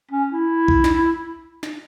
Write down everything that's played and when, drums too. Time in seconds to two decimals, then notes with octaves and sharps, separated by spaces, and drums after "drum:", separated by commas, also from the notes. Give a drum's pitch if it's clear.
0.11 C#4
0.32 E4
0.68 drum: kick B1
0.84 drum: snare
1.63 drum: snare